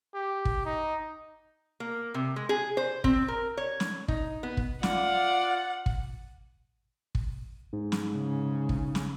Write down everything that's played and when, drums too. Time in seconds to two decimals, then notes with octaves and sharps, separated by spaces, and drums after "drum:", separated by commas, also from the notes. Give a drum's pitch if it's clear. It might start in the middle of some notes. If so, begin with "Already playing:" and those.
0.14 G4
0.45 drum: kick
0.65 D#4
1.80 A#3
2.14 C3
2.36 G#3
2.49 G#4
2.77 C5
3.04 C4, drum: kick
3.28 A#4
3.57 C#5
3.80 drum: snare
4.08 D#4, drum: kick
4.43 B3
4.57 drum: kick
4.83 F4 D5 F5 F#5, drum: snare
5.86 drum: kick
7.15 drum: kick
7.73 G#2
7.92 drum: snare
8.14 C#3
8.69 drum: kick
8.95 drum: snare